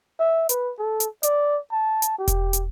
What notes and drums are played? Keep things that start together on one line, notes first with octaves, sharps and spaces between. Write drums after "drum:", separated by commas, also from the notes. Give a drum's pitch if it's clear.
E5
B4, drum: hi-hat
A4
drum: hi-hat
D5, drum: hi-hat
A5
drum: hi-hat
G4
drum: kick E1, hi-hat
drum: hi-hat